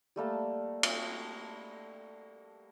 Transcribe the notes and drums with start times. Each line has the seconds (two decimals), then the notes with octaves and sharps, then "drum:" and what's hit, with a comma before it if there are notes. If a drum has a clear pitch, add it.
0.16 G3 A3 A#3 A5
0.83 drum: cymbal